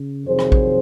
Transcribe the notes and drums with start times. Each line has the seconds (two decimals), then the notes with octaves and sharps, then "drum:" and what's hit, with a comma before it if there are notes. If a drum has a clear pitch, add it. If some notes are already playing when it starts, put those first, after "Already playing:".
Already playing: C#3
0.25 F2 C3 D#3 F#3 G#4 C5
0.39 drum: rim click
0.52 drum: kick A1